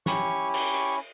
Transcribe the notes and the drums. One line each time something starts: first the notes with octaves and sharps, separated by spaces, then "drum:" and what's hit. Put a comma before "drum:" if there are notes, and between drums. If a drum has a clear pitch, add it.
C#4 E4 G4 C#6, drum: snare
C#6, drum: cymbal
drum: hi-hat